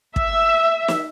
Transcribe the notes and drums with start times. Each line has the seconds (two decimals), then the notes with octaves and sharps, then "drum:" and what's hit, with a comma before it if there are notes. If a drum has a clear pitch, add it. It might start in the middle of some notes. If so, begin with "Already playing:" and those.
0.16 E5, drum: kick
0.88 drum: snare